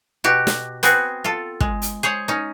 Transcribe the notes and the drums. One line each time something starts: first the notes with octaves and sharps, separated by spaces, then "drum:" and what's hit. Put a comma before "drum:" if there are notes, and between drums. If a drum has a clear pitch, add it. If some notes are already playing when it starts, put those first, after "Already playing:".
B2 F#4 G4
drum: snare
B3 C4 F#4 G#4, drum: hi-hat
F4 A4
G#3, drum: kick
drum: hi-hat
G#4 C5 C#5
C#4 D#4